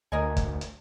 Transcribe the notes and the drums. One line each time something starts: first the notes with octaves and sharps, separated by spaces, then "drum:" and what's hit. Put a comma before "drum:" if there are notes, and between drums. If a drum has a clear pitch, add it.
D2 A#4 D#5 G#5
drum: kick, hi-hat
drum: hi-hat